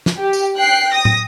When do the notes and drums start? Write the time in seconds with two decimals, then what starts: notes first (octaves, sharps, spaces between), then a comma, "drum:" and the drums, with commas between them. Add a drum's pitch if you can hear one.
0.06 drum: snare
0.17 G4
0.33 drum: tambourine
0.55 G5 F#6 C7
0.92 D#6 A#6
1.05 drum: tom